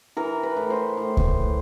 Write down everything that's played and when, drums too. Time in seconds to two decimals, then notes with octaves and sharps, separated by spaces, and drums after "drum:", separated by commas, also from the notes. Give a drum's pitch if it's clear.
0.17 E3 A#4
0.43 B4
0.57 A2
0.70 C5
0.97 A2
1.17 drum: kick C#2